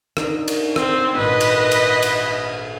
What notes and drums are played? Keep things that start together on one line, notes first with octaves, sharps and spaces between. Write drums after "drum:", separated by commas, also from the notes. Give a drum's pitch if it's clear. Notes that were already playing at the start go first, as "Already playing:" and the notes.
D4 D#4 A#4, drum: rim click
drum: cymbal
C4, drum: rim click
G#1 A#2 B4 D#5
drum: cymbal
drum: cymbal
drum: cymbal